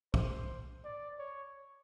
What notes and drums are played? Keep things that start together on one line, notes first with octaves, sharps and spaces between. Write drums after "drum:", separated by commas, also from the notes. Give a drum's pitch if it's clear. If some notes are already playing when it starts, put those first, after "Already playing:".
C5, drum: kick
D5
C#5